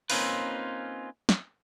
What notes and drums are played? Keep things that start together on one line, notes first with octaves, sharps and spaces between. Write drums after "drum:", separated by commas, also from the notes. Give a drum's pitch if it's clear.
A#3 C4 C#4 D#4 F4 B4, drum: open hi-hat
drum: snare